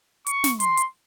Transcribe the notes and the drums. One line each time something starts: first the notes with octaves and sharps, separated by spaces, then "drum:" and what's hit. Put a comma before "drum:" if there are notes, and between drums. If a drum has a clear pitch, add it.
C#6, drum: hi-hat
drum: snare
C6, drum: hi-hat
drum: hi-hat